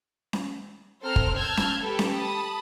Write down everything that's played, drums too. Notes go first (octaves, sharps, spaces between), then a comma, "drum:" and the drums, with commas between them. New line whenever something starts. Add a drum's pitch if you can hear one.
drum: snare C#4
C4 A4 C5 A#5 F6
drum: kick
A5 E6 F6 G6 G#6
drum: snare C#4
G4 A4 B4
drum: snare C#4
A5 B5 D#6